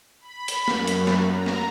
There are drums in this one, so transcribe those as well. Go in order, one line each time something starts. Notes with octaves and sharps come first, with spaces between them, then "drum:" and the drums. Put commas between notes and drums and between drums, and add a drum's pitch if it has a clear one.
B5
drum: hi-hat
F#2, drum: snare
drum: hi-hat
drum: snare
A#5
drum: snare